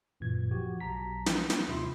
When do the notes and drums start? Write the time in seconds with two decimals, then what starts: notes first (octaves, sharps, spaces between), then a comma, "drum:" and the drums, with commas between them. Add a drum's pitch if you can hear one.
0.20 G#1 F#2 A#2 E3 G#6
0.51 F3 F#4 G4
0.80 B1 A5 A#5 B6
1.26 E3 F3, drum: snare
1.50 A#3 D#4, drum: snare
1.68 D#2 C3 F4 E5 B5 C6